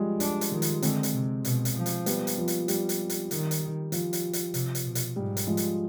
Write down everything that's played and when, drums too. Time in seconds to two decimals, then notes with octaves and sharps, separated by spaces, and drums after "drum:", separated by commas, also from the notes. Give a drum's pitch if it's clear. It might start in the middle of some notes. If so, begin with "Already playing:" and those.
Already playing: F3 G3 G#3
0.20 D4, drum: hi-hat
0.41 drum: hi-hat
0.52 D#3 F3
0.62 drum: hi-hat
0.82 D3 G#3 C4, drum: hi-hat
1.03 drum: hi-hat
1.13 C3
1.45 B2, drum: hi-hat
1.65 drum: hi-hat
1.75 F3
1.86 drum: hi-hat
2.06 G3 B3, drum: hi-hat
2.27 drum: hi-hat
2.38 F3
2.48 drum: hi-hat
2.68 G3, drum: hi-hat
2.89 drum: hi-hat
3.10 drum: hi-hat
3.31 D#3, drum: hi-hat
3.51 drum: hi-hat
3.92 F3, drum: hi-hat
4.13 drum: hi-hat
4.33 drum: hi-hat
4.54 C3, drum: hi-hat
4.75 drum: hi-hat
4.85 B2
4.95 drum: hi-hat
5.16 G#2 G3
5.37 drum: hi-hat
5.47 F3 G#3
5.57 drum: hi-hat